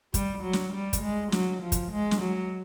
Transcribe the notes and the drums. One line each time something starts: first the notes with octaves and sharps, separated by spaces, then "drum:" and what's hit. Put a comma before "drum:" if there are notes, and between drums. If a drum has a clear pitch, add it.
G3, drum: kick, hi-hat
F#3
drum: snare
G3
drum: kick, hi-hat
G#3
F#3, drum: snare
F3
drum: kick, hi-hat
G#3
drum: snare
F#3